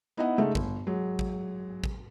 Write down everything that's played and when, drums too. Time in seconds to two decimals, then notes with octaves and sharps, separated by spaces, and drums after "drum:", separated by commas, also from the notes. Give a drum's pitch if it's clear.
0.17 B3 D#4 E4 D#5 F#5
0.38 C#3 G#3 A3 D#4
0.55 G1, drum: kick
0.87 F#3 G#3
1.19 drum: kick
1.84 drum: kick